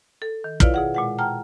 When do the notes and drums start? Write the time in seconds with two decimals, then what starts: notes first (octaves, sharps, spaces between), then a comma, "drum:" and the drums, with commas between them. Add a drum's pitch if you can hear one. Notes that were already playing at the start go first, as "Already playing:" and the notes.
0.22 A4
0.44 D#3
0.60 E4 F4 B4 C#5 D5 F5, drum: kick
0.74 B2 G#4 F#5
0.94 A#2 G#3 F#5
1.19 F#5 G5 A5 A#5 F6